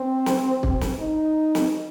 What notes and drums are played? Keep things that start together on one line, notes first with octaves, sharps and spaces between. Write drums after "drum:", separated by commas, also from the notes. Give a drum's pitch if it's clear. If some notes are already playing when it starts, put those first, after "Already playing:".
Already playing: C4
drum: snare
drum: kick
drum: snare
D#4
drum: snare